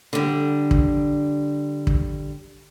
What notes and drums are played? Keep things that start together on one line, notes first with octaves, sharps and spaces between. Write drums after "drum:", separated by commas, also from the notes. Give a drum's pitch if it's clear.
D3 G3
drum: kick
drum: kick